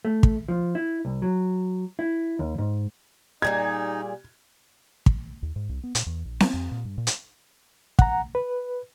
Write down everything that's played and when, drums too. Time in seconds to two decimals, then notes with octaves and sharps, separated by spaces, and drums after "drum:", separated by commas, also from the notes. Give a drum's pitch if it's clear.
0.05 A3
0.23 drum: kick
0.48 F3
0.75 E4
1.05 C2
1.22 F#3
1.99 E4
2.39 D#2
2.58 G#2
3.42 A#2 G3 D#4 G#4 G#6
5.06 drum: kick
5.43 D#2
5.56 G#2
5.69 C2
5.84 B3
5.95 A#2, drum: hi-hat
6.06 E2
6.25 A#1
6.40 B3, drum: snare C4
6.54 F2
6.71 A#2
6.85 G2
6.98 A#2
7.07 drum: hi-hat
7.99 F#5 A#5, drum: kick
8.35 B4